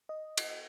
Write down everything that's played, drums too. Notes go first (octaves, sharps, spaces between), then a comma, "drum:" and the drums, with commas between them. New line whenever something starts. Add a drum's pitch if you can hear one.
D#5
drum: cymbal